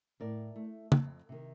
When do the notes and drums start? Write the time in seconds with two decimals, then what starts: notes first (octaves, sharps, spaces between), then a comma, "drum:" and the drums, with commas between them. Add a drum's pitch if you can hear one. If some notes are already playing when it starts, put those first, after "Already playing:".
0.20 A2 A#4 D5
0.56 A3
0.92 F2, drum: tom
1.29 C3 D#3